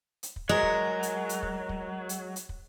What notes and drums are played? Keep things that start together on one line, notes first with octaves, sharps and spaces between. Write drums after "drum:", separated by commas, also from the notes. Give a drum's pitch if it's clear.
drum: hi-hat
drum: kick
F#3 G#3 A#4
drum: kick
drum: hi-hat
drum: hi-hat
drum: kick
drum: kick
drum: hi-hat
drum: hi-hat
drum: kick